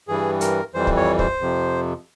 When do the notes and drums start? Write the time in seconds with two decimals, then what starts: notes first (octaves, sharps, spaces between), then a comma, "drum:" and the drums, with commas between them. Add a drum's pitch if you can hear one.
0.08 G2 E3 G3 G#4
0.41 A#4, drum: hi-hat
0.74 F2 E3 G3 C5
0.87 drum: kick
0.97 C#5
1.19 C5, drum: kick
1.41 F2 C3 F3